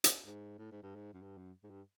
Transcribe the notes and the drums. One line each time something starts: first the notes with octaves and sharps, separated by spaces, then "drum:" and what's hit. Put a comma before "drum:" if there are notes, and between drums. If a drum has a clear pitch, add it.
drum: hi-hat
G#2
A2
G#2
G2
G#2
F#2
G2
F#2
G#2
G2